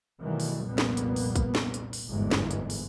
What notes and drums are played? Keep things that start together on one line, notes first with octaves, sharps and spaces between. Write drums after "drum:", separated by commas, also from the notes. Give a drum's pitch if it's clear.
B2 D#3 E3 F#3 G3 A3
drum: open hi-hat
C2 F2 A#2 G3 A#3 B3
drum: snare
drum: hi-hat
drum: open hi-hat
drum: kick, hi-hat
drum: snare
drum: hi-hat
drum: open hi-hat
G1 E2 G#2 E3 G#3 A#3
drum: snare
drum: hi-hat
drum: open hi-hat